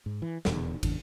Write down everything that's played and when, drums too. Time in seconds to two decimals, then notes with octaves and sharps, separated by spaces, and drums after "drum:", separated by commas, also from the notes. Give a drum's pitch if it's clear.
0.06 G#2
0.22 E3
0.45 D#1 E2 B2 D3, drum: snare
0.83 A1 E2 C#3 D4, drum: kick, cymbal